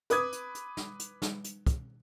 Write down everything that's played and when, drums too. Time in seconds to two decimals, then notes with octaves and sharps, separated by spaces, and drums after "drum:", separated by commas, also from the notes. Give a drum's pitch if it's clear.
0.10 B4 D6 D#6 G#6, drum: hi-hat
0.32 drum: hi-hat
0.55 drum: hi-hat
0.77 drum: snare
0.99 drum: hi-hat
1.22 drum: snare
1.44 drum: hi-hat
1.67 drum: kick, hi-hat